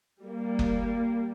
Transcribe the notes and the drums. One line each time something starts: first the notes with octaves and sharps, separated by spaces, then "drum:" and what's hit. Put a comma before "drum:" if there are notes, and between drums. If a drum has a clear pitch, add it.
G3 A#3
drum: kick F#1